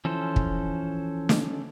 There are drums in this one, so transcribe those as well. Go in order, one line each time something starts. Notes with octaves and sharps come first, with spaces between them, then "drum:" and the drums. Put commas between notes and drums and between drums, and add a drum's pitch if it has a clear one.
E3 F3 C#4 A4 C5
drum: kick
drum: snare